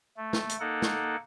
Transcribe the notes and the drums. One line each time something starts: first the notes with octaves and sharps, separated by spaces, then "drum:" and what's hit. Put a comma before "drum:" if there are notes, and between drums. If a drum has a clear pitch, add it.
A3
drum: snare
drum: hi-hat
A#3 D#4 A4 F#5
drum: snare